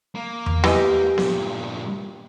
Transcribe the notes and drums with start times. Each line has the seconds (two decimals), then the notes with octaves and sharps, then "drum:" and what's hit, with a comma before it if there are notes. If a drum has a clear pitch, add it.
0.15 A#3
0.46 drum: tom E2
0.64 E3 G4 D#5, drum: snare B3
1.18 G2 A#2, drum: snare B3